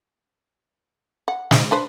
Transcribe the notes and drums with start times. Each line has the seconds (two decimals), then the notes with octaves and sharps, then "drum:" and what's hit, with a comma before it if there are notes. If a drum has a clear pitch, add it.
1.28 F#5
1.51 D#4, drum: snare
1.71 D4 B4 C5